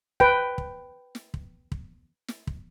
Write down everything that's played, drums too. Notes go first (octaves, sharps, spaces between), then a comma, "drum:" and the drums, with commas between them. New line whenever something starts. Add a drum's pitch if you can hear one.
B4 G5, drum: kick
drum: kick
drum: snare
drum: kick
drum: kick
drum: snare
drum: kick